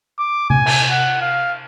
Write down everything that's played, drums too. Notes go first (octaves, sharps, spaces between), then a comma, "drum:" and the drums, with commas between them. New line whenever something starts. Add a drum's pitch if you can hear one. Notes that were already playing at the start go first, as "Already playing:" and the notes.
D6
G#5, drum: tom C3
drum: cymbal
F#5
F5